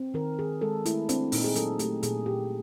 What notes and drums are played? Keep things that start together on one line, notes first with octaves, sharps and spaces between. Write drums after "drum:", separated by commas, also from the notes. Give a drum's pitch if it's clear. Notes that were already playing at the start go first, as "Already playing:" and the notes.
Already playing: C4
D#3 A#4
D#3 G#4
G#3 A4
A3 E4, drum: hi-hat
C4 D4, drum: hi-hat
A#2 D#4, drum: open hi-hat
G#4
F#3 A4, drum: hi-hat
A3 G4, drum: hi-hat
A#2 G#4, drum: hi-hat
A#2 G4